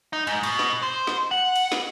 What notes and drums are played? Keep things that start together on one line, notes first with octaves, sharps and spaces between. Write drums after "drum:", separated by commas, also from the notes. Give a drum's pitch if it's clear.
D#4
G#2, drum: cymbal
B2, drum: cymbal
drum: snare
C5
drum: snare
F#5
drum: cymbal
drum: snare